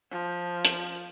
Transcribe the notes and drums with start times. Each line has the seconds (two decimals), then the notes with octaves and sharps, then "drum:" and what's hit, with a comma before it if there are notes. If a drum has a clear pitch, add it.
0.11 F3
0.65 drum: hi-hat